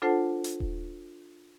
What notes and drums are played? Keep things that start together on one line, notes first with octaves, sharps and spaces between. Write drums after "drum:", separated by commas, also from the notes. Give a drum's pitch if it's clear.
D4 F4 A4 C5 F#5 A5
drum: hi-hat
drum: kick D#1